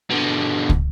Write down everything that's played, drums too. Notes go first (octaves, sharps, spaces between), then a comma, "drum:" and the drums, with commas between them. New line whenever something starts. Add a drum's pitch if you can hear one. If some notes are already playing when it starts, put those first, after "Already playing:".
B2 D3
drum: kick